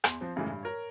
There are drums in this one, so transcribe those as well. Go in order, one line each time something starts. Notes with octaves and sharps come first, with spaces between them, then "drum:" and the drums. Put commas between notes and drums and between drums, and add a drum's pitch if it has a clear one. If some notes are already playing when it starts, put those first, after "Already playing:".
E2 C6, drum: rim click
F3 C4
F#2 A2 C#3 E3 G#3
G2
A#4 C#5